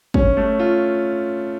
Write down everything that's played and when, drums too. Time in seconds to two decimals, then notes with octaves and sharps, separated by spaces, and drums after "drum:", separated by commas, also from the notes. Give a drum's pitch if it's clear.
0.14 C#4, drum: kick
0.37 A3
0.59 F4